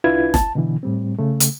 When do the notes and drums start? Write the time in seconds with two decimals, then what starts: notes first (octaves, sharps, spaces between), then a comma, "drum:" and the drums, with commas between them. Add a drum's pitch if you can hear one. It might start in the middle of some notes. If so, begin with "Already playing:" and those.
0.04 C2 D4 E4 F4 B4 G#6
0.34 A5, drum: snare
0.55 B2 D3 E3
0.83 A2 G3 C4
1.19 C#3 A3
1.40 drum: hi-hat